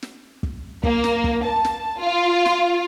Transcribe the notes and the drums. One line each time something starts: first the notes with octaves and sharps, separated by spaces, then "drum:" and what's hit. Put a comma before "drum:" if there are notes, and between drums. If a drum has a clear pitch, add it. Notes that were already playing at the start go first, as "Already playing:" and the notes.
drum: snare
drum: kick
A#3, drum: kick
drum: snare
drum: kick
A5
drum: snare
F4
drum: snare